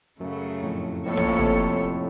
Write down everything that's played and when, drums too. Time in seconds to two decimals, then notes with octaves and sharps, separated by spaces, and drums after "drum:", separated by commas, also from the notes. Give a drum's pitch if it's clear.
0.20 F#2 C#3 F#3 A3
0.63 F2 A2
1.07 F2 A2 F3 A#3 C#4 A4 C#5
1.17 F2 A2, drum: snare
1.28 F2 A2
1.39 A2 C3, drum: tom